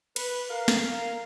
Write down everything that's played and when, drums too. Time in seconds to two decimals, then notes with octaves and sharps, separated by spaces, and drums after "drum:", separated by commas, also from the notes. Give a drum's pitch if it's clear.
0.16 B4, drum: cymbal
0.50 A#4 F5
0.68 drum: snare